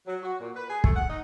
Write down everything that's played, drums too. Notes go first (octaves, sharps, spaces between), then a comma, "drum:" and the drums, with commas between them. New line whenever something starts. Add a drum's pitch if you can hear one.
F#3
F#4
A#2
B4
G#4
A3, drum: kick
F#5
D#4